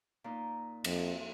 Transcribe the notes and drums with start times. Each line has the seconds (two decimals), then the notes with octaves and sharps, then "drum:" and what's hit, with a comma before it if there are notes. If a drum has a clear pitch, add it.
0.24 A#2 D#4
0.84 F2, drum: cymbal